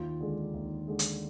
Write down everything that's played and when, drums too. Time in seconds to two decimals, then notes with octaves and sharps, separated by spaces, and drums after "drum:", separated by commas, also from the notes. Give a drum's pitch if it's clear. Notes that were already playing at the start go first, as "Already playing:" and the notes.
Already playing: D#2 F4
0.20 D3 G#3
0.54 D#2
0.88 D3 G#3
0.99 drum: hi-hat